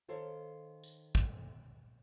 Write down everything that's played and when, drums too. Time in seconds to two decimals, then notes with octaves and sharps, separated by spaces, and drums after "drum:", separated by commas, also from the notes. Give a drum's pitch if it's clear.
0.08 D#3 A4 C5 C#5 F5
0.84 drum: tambourine
1.15 drum: kick